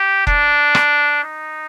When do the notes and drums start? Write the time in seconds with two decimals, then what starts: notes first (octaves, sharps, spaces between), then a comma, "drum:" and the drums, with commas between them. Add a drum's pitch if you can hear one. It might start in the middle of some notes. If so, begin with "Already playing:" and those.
Already playing: G4
0.27 D4, drum: kick F1
0.75 drum: rim click
1.24 D#4